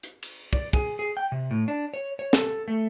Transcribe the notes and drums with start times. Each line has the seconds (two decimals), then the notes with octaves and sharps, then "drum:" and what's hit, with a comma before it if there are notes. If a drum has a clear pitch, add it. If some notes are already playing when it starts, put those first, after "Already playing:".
0.03 drum: hi-hat
0.23 drum: cymbal
0.53 D5, drum: kick
0.73 G#4, drum: kick
0.99 G#4
1.17 G5
1.32 C3
1.51 A2
1.68 D4
1.94 C#5
2.19 C#5
2.33 A4, drum: snare
2.68 A3